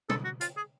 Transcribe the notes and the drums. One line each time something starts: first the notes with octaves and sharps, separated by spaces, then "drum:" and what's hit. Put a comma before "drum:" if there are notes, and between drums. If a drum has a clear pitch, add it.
A4, drum: tom B2
F#4
F4, drum: hi-hat
G#4